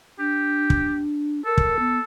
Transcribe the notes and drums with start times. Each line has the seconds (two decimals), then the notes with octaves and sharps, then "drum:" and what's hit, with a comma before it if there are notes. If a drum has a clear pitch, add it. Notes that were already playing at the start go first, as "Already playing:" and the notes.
0.19 D4 G4
0.70 drum: kick
1.45 A4 A#4
1.58 drum: kick
1.79 B3